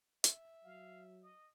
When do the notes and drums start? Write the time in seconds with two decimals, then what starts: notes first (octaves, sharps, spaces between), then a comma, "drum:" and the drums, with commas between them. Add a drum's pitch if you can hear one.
0.24 E5, drum: hi-hat
0.64 F#3 F5
1.22 D#5